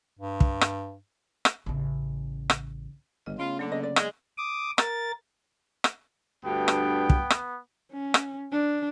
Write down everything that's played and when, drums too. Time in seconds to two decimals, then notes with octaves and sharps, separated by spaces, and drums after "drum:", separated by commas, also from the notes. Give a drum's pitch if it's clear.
0.19 G2
0.40 drum: kick
0.61 drum: rim click
1.45 drum: rim click
1.66 A1 C#3
2.50 drum: rim click
3.26 G1 C#3 D#5
3.39 C#3 A3 B3 F4
3.59 D3 F#3 A#3 D4
3.72 C#3 D#5
3.83 D5
3.96 G#3, drum: rim click
4.38 D6 D#6
4.78 A#4 A6, drum: rim click
5.84 drum: rim click
6.45 D2 G2 B3 G5
6.68 drum: rim click
7.10 drum: kick
7.30 drum: rim click
7.92 C#4
8.14 drum: rim click
8.52 D4